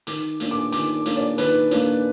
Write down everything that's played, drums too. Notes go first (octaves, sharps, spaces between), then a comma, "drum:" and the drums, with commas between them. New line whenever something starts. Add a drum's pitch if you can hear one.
D#3 D6, drum: hi-hat
A#3 D4, drum: hi-hat
D6
D#3 D6, drum: hi-hat
A#3 D4, drum: hi-hat
D5
D#3 B4, drum: hi-hat
A#3 D4, drum: hi-hat